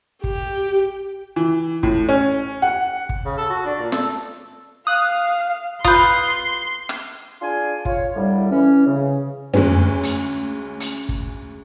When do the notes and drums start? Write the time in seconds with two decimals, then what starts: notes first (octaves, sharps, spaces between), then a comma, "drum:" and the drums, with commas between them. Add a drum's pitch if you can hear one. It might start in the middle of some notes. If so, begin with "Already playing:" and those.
0.24 G4, drum: kick
1.36 E3
1.83 A2, drum: kick
2.09 C#4
2.62 F#5
3.09 drum: kick
3.25 C#3
3.37 A4
3.49 F#4
3.65 D4
3.79 A#2
3.92 A4, drum: snare
4.87 F5 D#6 F#6
5.85 F4 B4 C6 D#6 G6, drum: kick
6.89 drum: rim click
7.42 D4 F4 G#4 D5 G#5 C6
7.85 F4 C#5, drum: kick
8.15 C2 A2 D3 G3
8.51 E3 C#4
8.86 C#3
9.54 D2 G#3 C#4, drum: tom
10.03 drum: hi-hat
10.80 drum: hi-hat
11.09 drum: kick